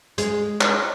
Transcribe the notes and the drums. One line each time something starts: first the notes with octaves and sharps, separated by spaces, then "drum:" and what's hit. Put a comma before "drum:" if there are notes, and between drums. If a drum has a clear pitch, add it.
G#3, drum: hi-hat
drum: clap